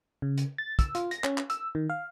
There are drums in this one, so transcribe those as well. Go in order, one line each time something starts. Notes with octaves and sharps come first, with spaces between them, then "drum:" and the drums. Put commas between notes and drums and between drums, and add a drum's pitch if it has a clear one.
C#3
drum: hi-hat
A6
E6, drum: kick, hi-hat
F4, drum: hi-hat
A#6, drum: hi-hat
C#4, drum: clap
drum: clap
E6, drum: hi-hat
D#3
F5